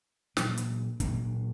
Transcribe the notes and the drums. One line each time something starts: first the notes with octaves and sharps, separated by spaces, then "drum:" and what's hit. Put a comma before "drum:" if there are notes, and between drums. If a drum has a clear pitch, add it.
A#2 F#3 A#3 D4, drum: snare
drum: hi-hat
A#2 F#3 A#3 D4, drum: kick, hi-hat